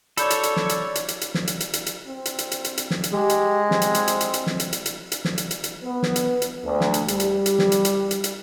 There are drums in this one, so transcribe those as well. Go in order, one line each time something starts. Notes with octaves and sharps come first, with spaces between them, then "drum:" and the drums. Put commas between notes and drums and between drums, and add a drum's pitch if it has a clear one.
A4 C#5 D5 B5 G6, drum: hi-hat
drum: hi-hat
drum: hi-hat
drum: snare
drum: hi-hat
drum: hi-hat
drum: hi-hat
drum: hi-hat
drum: snare
drum: hi-hat
drum: hi-hat
drum: hi-hat
drum: hi-hat
C4
drum: hi-hat
drum: hi-hat
drum: hi-hat
drum: hi-hat
drum: hi-hat
drum: snare
drum: hi-hat
G#3 G4
drum: hi-hat
C4, drum: snare
drum: hi-hat
drum: hi-hat
drum: hi-hat
drum: hi-hat
drum: hi-hat
drum: snare
drum: hi-hat
drum: hi-hat
drum: hi-hat
drum: hi-hat
drum: snare
drum: hi-hat
drum: hi-hat
drum: hi-hat
B3
drum: snare
drum: hi-hat
drum: hi-hat
D2
drum: snare
drum: hi-hat
G3, drum: hi-hat
drum: hi-hat
drum: hi-hat
drum: snare
drum: hi-hat
drum: hi-hat
drum: hi-hat
drum: hi-hat